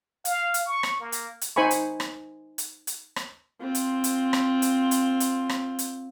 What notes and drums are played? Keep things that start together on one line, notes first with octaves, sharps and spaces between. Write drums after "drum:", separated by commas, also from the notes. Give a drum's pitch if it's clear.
F5, drum: hi-hat
drum: hi-hat
C#6
drum: rim click
A#3
drum: hi-hat
drum: hi-hat
D#4 C5 G#5 B5 C#6
drum: hi-hat
drum: rim click
drum: hi-hat
drum: hi-hat
drum: rim click
C4 F4
drum: hi-hat
drum: hi-hat
drum: rim click
drum: hi-hat
drum: hi-hat
drum: hi-hat
drum: rim click
drum: hi-hat